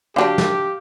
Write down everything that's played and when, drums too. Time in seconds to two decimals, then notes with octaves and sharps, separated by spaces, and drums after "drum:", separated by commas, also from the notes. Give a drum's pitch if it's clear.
0.16 D3 F#3 D4 G4 F5
0.38 drum: snare